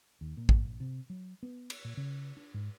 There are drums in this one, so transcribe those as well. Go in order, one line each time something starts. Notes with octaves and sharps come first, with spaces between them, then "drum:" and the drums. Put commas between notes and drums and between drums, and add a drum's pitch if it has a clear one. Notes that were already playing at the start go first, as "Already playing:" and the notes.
D#2
A#2
drum: kick A1
A#1
C3
F#3
B3
drum: cymbal
A#2
C#3
D4
G#2